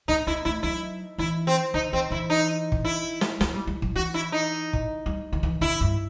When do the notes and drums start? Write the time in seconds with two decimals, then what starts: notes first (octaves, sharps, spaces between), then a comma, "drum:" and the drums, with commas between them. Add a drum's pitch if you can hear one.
0.08 C4 D#4
0.27 B3 E4
0.45 A3 E4
0.63 F#3 E4
1.18 E3 E4
1.47 C4
1.74 D#3 D#4
1.93 E3 C4
2.11 E3 E4
2.30 D#4
2.72 drum: kick
2.85 E4
3.21 drum: snare
3.41 B3, drum: snare
3.54 G3
3.67 G3
3.82 F#3, drum: kick
3.96 E3 F#4
4.14 E4
4.32 D#4
4.73 drum: kick
5.06 G3
5.33 D#3
5.43 E3
5.61 D#3 E4
5.81 G2